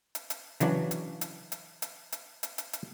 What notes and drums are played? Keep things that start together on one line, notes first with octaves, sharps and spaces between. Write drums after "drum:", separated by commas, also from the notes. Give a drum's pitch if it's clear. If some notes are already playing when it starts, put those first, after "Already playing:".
drum: hi-hat
drum: hi-hat
C#3 E3 F#3 D4, drum: hi-hat
drum: hi-hat
drum: hi-hat
drum: hi-hat
drum: hi-hat
drum: hi-hat
drum: hi-hat
drum: hi-hat
drum: hi-hat